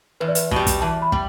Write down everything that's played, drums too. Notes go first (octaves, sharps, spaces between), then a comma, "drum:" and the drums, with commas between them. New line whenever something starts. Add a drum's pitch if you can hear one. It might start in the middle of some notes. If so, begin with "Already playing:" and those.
E2 B4
D5
B4, drum: hi-hat
B2 G3, drum: kick
drum: kick, hi-hat
E2 A5
B5
G3, drum: kick